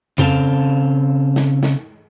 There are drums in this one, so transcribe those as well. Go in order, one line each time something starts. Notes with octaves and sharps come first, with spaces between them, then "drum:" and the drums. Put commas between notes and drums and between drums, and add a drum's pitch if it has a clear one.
C#3 C4 A4 F5 A5, drum: tom F2
drum: snare
drum: snare